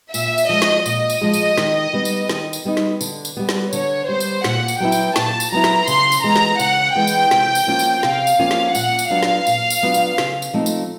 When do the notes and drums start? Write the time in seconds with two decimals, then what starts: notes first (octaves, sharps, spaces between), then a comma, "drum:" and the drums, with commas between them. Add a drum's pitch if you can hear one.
0.14 A#2 E5, drum: tambourine
0.38 drum: tambourine
0.49 F3 G#3 D#5
0.62 drum: snare
0.86 A#2 D#5, drum: tambourine
1.10 drum: tambourine
1.21 F3 G#3
1.34 drum: tambourine
1.58 D#3, drum: snare
1.93 G3 B3 D#4
2.05 drum: tambourine
2.29 D#3, drum: snare
2.53 drum: tambourine
2.65 G3 B3 D#4
2.77 drum: snare
3.01 D3, drum: tambourine
3.25 drum: tambourine
3.37 G3 B3
3.49 drum: snare
3.73 D3 C#5, drum: tambourine
4.08 G3 B3 C5
4.20 drum: tambourine
4.44 A#2 F#5, drum: snare
4.68 drum: tambourine
4.80 F#3 B3 E4 G5
4.92 drum: tambourine
5.16 A#2 A5, drum: snare
5.40 drum: tambourine
5.52 F#3 B3 E4 A#5
5.64 drum: snare
5.88 C#3 C6, drum: tambourine
6.12 drum: tambourine
6.23 E3 G#3 B3 A#5
6.36 drum: snare
6.59 C#3 F#5, drum: tambourine
6.96 E3 G#3 B3 G5
7.07 drum: tambourine
7.31 C3, drum: snare
7.55 drum: tambourine
7.67 F3 A#3 C#4 F4
7.79 drum: tambourine
8.03 C3 F5, drum: snare
8.27 drum: tambourine
8.39 F3 A#3 C#4 F4
8.51 drum: snare
8.75 A#2 F#5, drum: tambourine
8.99 drum: tambourine
9.10 F#3 B3 D4 F4 F5
9.23 drum: snare
9.46 A#2, drum: tambourine
9.70 drum: tambourine
9.82 F#3 B3 D4 F4
9.94 drum: tambourine
10.18 C#3, drum: snare
10.42 drum: tambourine
10.54 F3 A3 C4 D#4
10.66 drum: tambourine